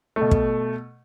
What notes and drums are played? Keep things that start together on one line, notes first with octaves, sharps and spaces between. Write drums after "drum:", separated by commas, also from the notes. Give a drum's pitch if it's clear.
A3
B2
drum: kick